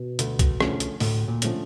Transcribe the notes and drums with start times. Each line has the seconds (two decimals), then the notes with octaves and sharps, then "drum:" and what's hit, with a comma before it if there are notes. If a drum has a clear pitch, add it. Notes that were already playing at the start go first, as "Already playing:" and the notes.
Already playing: B2
0.19 D2, drum: hi-hat
0.39 drum: kick B1, hi-hat
0.60 D3 F3 A3 C#4, drum: rim click
0.80 drum: hi-hat
1.00 D2 A2, drum: open hi-hat
1.28 A#2
1.42 D3 F3 A3 C#4, drum: hi-hat